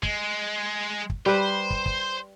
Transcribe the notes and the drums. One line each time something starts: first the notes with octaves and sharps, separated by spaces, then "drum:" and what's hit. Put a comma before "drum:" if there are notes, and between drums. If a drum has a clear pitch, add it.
G#3, drum: kick
drum: kick
G3 B4 C5
drum: kick
drum: kick